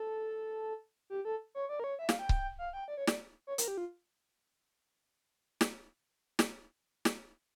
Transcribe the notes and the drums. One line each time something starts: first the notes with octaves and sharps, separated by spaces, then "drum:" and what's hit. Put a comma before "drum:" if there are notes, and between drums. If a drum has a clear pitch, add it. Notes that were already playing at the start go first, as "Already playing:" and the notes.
Already playing: A4
G4
A4
C#5
D5
A#4
C#5
E5
F5, drum: snare
G5
drum: kick C#1
F5
G5
D5
C#5
D5, drum: snare
C#5
A#4, drum: hi-hat
G4
F4
drum: snare
drum: snare
drum: snare